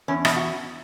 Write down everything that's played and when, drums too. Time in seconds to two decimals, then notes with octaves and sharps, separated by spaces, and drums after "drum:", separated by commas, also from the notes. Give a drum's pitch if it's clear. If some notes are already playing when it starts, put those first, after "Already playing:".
0.08 E2 C#4
0.25 B2 E4, drum: rim click
0.36 F#4